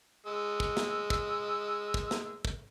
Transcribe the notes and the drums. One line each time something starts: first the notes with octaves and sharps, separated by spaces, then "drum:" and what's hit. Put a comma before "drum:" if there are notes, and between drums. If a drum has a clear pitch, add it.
G#3 E6
drum: kick
drum: snare
drum: kick
drum: kick
drum: snare
drum: kick